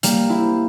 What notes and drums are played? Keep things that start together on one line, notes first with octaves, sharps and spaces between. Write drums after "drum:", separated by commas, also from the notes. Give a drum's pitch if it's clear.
G3 A#3, drum: hi-hat
C4 E4